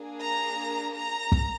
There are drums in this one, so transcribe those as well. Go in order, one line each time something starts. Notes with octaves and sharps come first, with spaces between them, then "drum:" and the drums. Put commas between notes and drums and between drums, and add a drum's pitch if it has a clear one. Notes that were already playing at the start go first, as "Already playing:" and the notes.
Already playing: A#3 D4 G#4
A#5
A#5
drum: kick